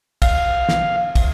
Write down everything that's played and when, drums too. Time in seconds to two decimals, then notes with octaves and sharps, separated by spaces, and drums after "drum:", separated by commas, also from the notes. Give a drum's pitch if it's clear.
0.22 F5, drum: kick, cymbal
0.69 drum: snare
1.15 drum: kick, cymbal